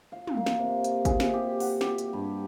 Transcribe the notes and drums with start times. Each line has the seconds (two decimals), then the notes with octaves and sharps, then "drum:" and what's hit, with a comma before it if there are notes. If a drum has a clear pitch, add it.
0.12 F5
0.27 drum: tom
0.37 A#3
0.46 drum: snare
0.59 C3
0.84 drum: hi-hat
1.05 G#4, drum: kick G#1, hi-hat
1.20 C3, drum: snare
1.34 G4
1.60 F#5, drum: open hi-hat
1.81 G4, drum: snare
1.98 drum: hi-hat
2.13 G2